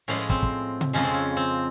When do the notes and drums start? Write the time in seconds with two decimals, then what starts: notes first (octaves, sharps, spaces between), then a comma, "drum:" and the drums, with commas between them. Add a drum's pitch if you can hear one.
0.08 A2 F3 G#3 C#4, drum: open hi-hat
0.30 C4, drum: kick
0.43 drum: kick
0.81 drum: tom C3
0.93 F2 C#3 F3 G#3 C#4
1.04 C4
1.14 C#4
1.37 C4